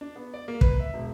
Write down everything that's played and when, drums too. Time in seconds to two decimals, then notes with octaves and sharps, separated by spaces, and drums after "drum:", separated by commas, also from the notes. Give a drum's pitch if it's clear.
0.01 D4
0.16 B3
0.34 D5
0.48 A#3
0.61 B4, drum: kick
0.80 E5
0.94 E1